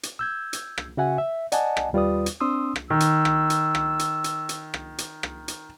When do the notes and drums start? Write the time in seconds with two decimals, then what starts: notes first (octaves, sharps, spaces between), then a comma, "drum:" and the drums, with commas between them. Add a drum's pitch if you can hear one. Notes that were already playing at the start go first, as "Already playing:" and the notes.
0.03 drum: hi-hat
0.19 E6 G6 G#6
0.53 drum: hi-hat
0.78 drum: rim click
0.97 C#3 F#4 E5 F#5 G#5
1.18 E5
1.52 D5 D#5 F#5 G#5 A5, drum: hi-hat
1.77 drum: rim click
1.93 D#2 G3 F4 B4 D5 D#6
2.26 drum: hi-hat
2.40 C4 D4 C6 D#6 E6
2.76 drum: rim click
2.90 D#3 E6
3.00 drum: hi-hat
3.25 drum: rim click
3.50 drum: hi-hat
3.75 drum: rim click
3.99 drum: hi-hat
4.24 drum: hi-hat
4.49 drum: hi-hat
4.74 drum: rim click
4.98 drum: hi-hat
5.23 drum: rim click
5.48 drum: hi-hat